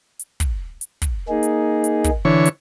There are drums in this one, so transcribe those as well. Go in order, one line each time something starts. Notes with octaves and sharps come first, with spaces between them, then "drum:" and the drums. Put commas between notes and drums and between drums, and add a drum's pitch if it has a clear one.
drum: hi-hat
drum: kick, hi-hat
drum: hi-hat
drum: kick, hi-hat
A#3 D#4 G#4
drum: hi-hat
drum: hi-hat
drum: kick, hi-hat
D3 E3 C#5
drum: hi-hat